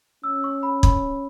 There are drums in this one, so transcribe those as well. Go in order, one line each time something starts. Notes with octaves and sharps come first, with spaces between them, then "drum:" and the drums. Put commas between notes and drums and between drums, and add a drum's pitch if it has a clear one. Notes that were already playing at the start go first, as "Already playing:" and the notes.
C#4 E6
C#6
B5
B5, drum: kick